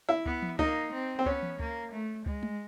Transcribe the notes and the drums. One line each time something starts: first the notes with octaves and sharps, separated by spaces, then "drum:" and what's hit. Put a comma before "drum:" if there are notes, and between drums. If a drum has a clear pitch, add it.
E4
B3, drum: kick C#2
drum: tom E3
A#3 D#4, drum: kick C#2
C4
C4
B3 C#4, drum: kick C#2
drum: tom E3
A#3, drum: kick C#2
A3
G#3, drum: kick C#2
drum: tom G#3